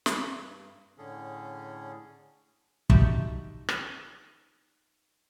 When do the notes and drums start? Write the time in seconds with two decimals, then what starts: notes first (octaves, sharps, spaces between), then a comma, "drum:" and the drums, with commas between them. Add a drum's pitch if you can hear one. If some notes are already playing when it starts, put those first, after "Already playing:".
0.06 G2, drum: snare
0.98 A2 D3 C#4 G#4 A4
2.90 D#4 F#4 G4 E5 A5, drum: kick
3.69 drum: rim click